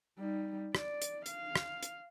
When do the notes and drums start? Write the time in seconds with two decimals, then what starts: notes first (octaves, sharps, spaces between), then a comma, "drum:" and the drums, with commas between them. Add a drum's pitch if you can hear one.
0.18 G3 D#4
0.75 D5, drum: rim click
1.02 drum: hi-hat
1.26 F5, drum: hi-hat
1.56 drum: rim click
1.83 drum: hi-hat